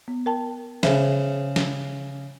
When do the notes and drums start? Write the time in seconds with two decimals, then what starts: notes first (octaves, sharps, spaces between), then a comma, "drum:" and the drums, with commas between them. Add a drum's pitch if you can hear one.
0.08 B3
0.26 A#4 G5 A5
0.83 C#3 G#4 C5 E5, drum: snare
1.56 drum: snare